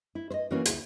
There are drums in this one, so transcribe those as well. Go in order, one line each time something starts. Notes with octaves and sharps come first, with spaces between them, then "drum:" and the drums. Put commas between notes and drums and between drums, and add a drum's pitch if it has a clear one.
E4
C5 D#5
C#3 E3 A#3 B3 C#4 F#4
D2 E4, drum: hi-hat